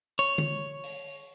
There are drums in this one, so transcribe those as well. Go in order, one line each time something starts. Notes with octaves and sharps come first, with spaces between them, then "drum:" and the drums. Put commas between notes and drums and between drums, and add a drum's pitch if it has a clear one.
C#5
drum: tom
drum: open hi-hat